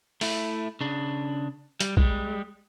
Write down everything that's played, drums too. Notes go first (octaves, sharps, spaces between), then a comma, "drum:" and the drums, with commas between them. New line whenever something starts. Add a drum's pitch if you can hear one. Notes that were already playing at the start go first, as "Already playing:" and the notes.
A3 E4, drum: open hi-hat
C#3 D4
G3, drum: hi-hat
G3 G#3, drum: kick